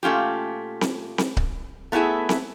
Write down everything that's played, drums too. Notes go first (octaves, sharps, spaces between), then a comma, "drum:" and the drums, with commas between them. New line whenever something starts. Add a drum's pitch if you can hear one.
A#2 A3 C#4 F4 G4
drum: snare C4
drum: snare C4
drum: kick C#1
A3 B3 D4 E4 G#4 E5
drum: snare C4